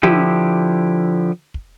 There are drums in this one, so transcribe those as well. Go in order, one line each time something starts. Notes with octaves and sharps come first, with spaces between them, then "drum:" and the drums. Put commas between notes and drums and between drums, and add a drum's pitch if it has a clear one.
D3 F3 E4 G4, drum: tom
drum: kick